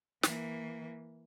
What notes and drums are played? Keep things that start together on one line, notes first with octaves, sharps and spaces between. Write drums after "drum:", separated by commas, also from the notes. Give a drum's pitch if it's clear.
E3 A#3, drum: snare